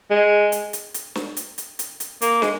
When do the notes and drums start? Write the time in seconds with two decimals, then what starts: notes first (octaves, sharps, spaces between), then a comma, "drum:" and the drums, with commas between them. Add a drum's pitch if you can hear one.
0.10 G#3
0.52 drum: hi-hat
0.73 drum: hi-hat
0.94 drum: hi-hat
1.15 drum: snare
1.37 drum: hi-hat
1.58 drum: hi-hat
1.79 drum: hi-hat
2.00 drum: hi-hat
2.22 A#3, drum: hi-hat
2.42 G#3, drum: snare